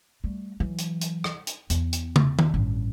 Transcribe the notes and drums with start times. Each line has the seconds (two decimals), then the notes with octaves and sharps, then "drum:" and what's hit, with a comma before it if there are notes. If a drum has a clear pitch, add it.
0.24 G3 A3
0.60 E3 F#3
0.79 drum: hi-hat
1.01 drum: hi-hat
1.24 drum: rim click
1.47 drum: hi-hat
1.70 E2, drum: hi-hat
1.93 drum: hi-hat
2.16 drum: tom
2.39 drum: tom D#3
2.54 A1 G2